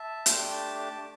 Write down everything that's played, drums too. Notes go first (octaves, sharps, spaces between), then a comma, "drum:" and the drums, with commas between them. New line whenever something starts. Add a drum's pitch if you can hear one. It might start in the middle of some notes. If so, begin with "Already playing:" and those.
Already playing: E5 A5
A3 D4 G4 G5 C6, drum: hi-hat
A5 D6
A5 D6